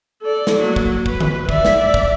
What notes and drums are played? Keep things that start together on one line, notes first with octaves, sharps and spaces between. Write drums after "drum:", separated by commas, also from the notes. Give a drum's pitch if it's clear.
A4 D5
drum: snare
F#3 A#3
drum: kick
B4, drum: kick
drum: tom D3
D5 E5, drum: kick
drum: snare
drum: kick